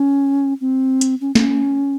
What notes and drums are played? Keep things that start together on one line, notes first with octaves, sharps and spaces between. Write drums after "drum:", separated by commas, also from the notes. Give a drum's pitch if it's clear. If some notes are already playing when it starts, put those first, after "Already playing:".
Already playing: C#4
C4
drum: hi-hat
C#4
C#4, drum: snare